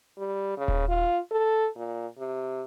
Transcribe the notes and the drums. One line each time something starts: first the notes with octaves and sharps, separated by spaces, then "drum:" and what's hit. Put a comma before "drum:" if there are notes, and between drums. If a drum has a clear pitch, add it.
G3
C#3
drum: kick D#1
F4
A4
A#2
C3